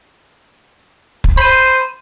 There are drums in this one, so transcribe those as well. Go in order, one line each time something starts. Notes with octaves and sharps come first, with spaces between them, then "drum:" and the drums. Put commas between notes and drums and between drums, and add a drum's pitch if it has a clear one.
drum: kick
C5 B5 D#7